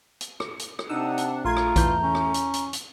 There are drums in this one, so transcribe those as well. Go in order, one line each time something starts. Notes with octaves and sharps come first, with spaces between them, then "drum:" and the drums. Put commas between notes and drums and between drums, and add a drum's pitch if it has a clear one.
drum: hi-hat
drum: rim click
drum: hi-hat
drum: rim click
C3 D4 D#4 F#5 E6
drum: hi-hat
A#1 A3 F4 A#5 C6 G#6
drum: rim click
E2 E3 G6, drum: kick A#1, hi-hat
C#4
drum: rim click
drum: hi-hat
drum: hi-hat
drum: hi-hat